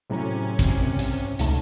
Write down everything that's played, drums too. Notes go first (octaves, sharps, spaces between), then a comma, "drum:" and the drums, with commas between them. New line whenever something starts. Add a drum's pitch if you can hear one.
A2 C3 F#3 C#4 A#5
drum: kick, hi-hat
C2
drum: hi-hat
C#2 C3 A3 D#4, drum: hi-hat